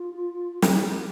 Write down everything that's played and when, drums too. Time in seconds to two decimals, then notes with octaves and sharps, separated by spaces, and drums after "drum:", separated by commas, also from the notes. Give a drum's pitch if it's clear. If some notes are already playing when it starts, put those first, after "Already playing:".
Already playing: F4
0.62 G4, drum: snare